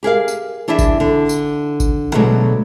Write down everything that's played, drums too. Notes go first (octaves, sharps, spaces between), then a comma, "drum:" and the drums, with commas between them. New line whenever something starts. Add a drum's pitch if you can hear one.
G4 G#4 A#4 F5
drum: tambourine
E3 D4 E4 G#4 E5
drum: kick G#1, tambourine
D3
drum: tambourine
drum: kick G#1, tambourine
B2 D3 F#3 G#3 A3 B3